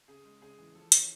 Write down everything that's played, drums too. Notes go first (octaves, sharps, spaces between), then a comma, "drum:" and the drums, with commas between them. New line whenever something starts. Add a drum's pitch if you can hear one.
C#3 G#4
G#3
C#3 G#4
E3
F3 A4
C#4, drum: hi-hat